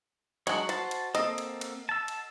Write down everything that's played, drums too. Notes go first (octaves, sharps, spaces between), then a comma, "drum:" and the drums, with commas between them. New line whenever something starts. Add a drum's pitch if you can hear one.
F#3 G#3 D4 F#4 C#5, drum: cymbal
F#4 C5 A5, drum: cymbal
drum: cymbal
A#3 C4 A4 D#5, drum: cymbal
drum: cymbal
drum: cymbal
A5 E6
drum: cymbal